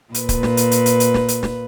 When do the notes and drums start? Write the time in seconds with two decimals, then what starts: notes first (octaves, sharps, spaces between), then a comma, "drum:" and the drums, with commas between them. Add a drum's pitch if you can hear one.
0.14 A#2 B4, drum: hi-hat
0.29 drum: kick C#1, hi-hat
0.43 drum: snare
0.57 drum: hi-hat
0.71 drum: hi-hat
0.86 drum: hi-hat
1.00 drum: hi-hat
1.14 drum: snare
1.28 drum: hi-hat
1.43 drum: snare